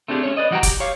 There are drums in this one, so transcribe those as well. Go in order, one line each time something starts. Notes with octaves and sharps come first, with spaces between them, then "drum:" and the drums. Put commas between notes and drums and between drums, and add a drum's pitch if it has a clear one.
A3 C4 D4 D#4 G4 G#4
A3 C#4 C#5
B4 D5 D#5
E3 G3 F#4 D5 G5 A#5
G4, drum: kick, hi-hat
G4 C#5 F5